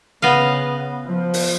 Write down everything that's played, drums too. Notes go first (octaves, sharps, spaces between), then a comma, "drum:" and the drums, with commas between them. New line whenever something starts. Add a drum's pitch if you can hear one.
C#3 B3 D#5 F5
F3
drum: open hi-hat